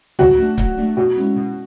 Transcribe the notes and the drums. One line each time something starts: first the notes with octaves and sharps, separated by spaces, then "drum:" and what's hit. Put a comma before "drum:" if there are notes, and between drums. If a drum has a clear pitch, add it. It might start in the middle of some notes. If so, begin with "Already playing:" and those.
F#3 F#4, drum: tom
A3 D4
F#3, drum: kick C#1
A3 D4
B2 F#4
G#3 C#4 E4
B2